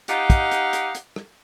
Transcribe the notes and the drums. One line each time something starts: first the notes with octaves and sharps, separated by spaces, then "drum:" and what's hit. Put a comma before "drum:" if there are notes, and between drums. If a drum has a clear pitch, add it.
D#4 G4 D#5 F5 F#5, drum: hi-hat
drum: kick, hi-hat
drum: hi-hat
drum: hi-hat
drum: hi-hat
drum: rim click